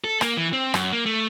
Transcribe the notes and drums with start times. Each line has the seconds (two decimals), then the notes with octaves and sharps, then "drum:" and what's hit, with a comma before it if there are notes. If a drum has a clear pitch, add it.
0.04 A4
0.21 A#3, drum: rim click
0.37 E3
0.53 C4
0.74 F#2, drum: rim click
0.93 A#3
1.06 A3